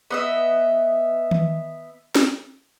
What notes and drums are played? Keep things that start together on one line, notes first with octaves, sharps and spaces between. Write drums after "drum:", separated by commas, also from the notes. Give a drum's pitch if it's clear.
B3 D#5 E5
drum: tom D#3
drum: snare